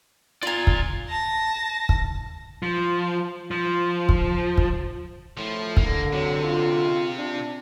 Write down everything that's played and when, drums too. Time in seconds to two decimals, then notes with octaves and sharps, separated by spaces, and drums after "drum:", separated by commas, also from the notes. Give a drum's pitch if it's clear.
0.43 F4 D5 G#5 A#5
0.67 drum: kick
1.09 A5 A#6
1.89 drum: kick
2.63 F3
3.51 F3
4.09 drum: kick
4.58 drum: kick
5.37 A2 F3
5.77 D3 A#3, drum: kick
6.13 C3 F#3
6.44 F4
7.19 D4